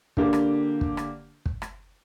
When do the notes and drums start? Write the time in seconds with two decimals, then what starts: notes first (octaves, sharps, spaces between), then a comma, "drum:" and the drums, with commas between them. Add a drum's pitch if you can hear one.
0.17 D3 A#3 D4 G4, drum: kick
0.33 drum: rim click
0.81 drum: kick
0.97 drum: rim click
1.46 drum: kick
1.62 drum: rim click